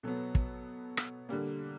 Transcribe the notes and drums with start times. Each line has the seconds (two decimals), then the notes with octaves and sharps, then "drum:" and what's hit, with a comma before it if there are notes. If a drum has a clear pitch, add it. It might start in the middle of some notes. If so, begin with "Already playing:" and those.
0.03 B2 F#3 B3 A4
0.35 drum: kick
0.97 drum: rim click
1.29 D3 G3 A#3